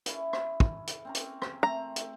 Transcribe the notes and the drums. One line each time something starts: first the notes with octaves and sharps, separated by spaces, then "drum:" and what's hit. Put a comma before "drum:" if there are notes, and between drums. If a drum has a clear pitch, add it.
C#4 E4, drum: hi-hat
drum: rim click
drum: kick
drum: hi-hat
C4 C#4 A#5
drum: hi-hat
drum: rim click
A3 C4 A#5
drum: hi-hat